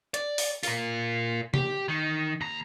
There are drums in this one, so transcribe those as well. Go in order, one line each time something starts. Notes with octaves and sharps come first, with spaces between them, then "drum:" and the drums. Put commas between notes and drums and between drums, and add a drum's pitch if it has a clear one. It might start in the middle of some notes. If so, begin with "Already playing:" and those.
D5, drum: hi-hat
drum: open hi-hat
F4 A#4, drum: open hi-hat
G4, drum: tom C3
D#3
D#2 A#5